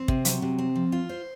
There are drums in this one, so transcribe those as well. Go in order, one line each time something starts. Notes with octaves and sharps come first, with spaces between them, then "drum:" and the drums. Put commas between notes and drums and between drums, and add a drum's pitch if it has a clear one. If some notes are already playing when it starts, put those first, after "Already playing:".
Already playing: C4
C3, drum: kick
F#3, drum: hi-hat
C3
C4
F3
F4
C5